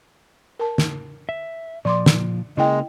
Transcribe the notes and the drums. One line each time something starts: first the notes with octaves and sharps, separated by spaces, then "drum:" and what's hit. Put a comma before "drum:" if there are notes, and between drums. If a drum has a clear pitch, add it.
A#4 A5
drum: snare
E5
A#2 F3 D5 C6 D6
drum: snare
C#3 G#3 A#3 E4 D#5 G5